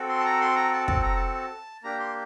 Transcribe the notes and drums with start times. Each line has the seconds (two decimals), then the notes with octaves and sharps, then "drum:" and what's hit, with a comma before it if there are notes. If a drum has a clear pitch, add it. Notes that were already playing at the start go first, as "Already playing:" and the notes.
Already playing: C4 F#4 A4
0.09 C6
0.20 A5
0.25 A#5
0.41 C6
0.56 A#5
0.73 A5
0.88 A5, drum: kick
1.03 A#5
1.16 A5
1.83 A#3 D4 G4 A#5
2.00 C6